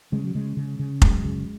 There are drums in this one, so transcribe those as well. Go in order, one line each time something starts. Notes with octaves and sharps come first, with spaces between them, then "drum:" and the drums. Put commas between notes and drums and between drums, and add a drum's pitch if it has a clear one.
C#3 G#3
F#3
C#3 G#3
C#3
C#3
F#2 G#3, drum: kick F1
C#3